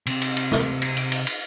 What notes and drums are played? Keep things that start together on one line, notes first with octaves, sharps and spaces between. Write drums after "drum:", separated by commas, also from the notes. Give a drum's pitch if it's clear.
C3 C4, drum: cymbal
drum: cymbal
drum: cymbal
drum: snare
drum: cymbal
drum: cymbal
drum: cymbal
drum: cymbal